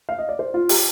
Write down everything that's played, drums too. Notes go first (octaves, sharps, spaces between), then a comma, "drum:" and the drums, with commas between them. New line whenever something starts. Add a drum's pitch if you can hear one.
F5
D#5
D5
C5
F4
G4, drum: open hi-hat